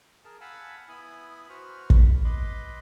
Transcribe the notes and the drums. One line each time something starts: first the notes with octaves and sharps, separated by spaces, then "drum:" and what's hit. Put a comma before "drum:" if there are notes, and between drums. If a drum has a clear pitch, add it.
G#4 A#4 A5
F5 F#5 G#5 A5 B5 E6
B3 E4 G#5 B5 D#6
F#4 B4 C5 B5 C#6 F6
drum: kick
B4 D#5 B5 C6 D6